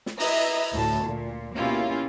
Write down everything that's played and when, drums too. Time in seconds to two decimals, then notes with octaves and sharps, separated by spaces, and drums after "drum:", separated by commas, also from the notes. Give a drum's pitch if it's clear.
0.06 drum: snare
0.20 E4 B4 D#5 E5 A#5, drum: open hi-hat
0.72 D2 A2 A3 A5
1.04 A#2
1.56 B2 A#3 C#4 E4 F4 G4